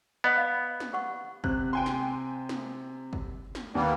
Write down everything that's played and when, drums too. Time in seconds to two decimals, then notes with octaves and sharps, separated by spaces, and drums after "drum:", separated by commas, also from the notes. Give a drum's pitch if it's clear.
0.24 B3 D#5 F#5 B5
0.37 F5
0.80 drum: snare
0.93 G4 F#5 C#6
1.44 C3 F#6, drum: kick
1.73 G5 G#5 C6
1.86 drum: snare
2.49 drum: snare
3.13 drum: kick
3.55 drum: snare
3.75 D#2 G3 A#3 B3